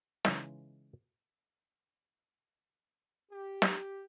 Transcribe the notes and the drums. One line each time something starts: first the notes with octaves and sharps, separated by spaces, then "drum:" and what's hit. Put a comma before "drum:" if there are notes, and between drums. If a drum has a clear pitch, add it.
C#3 E3 G#3 D#4, drum: snare
G4
drum: snare